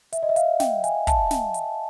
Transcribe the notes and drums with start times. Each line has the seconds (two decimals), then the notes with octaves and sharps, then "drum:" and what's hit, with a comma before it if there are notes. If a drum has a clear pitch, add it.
0.13 E5, drum: hi-hat
0.23 D#5
0.29 E5
0.36 F5, drum: hi-hat
0.60 G5, drum: snare
0.84 G#5, drum: hi-hat
1.07 A5, drum: kick, hi-hat
1.31 drum: snare
1.54 drum: hi-hat